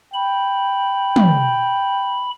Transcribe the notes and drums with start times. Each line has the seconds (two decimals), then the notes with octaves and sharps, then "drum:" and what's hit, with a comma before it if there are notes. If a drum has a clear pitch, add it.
0.14 G5 B5
1.16 drum: tom